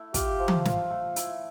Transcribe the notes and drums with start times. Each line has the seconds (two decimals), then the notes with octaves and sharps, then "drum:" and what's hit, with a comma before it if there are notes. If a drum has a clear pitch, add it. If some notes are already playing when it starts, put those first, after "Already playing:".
Already playing: A3 E4
0.14 F4 G4, drum: kick, hi-hat
0.39 F3
0.48 drum: tom E3
0.65 F4, drum: snare
0.90 A3
1.16 E4, drum: hi-hat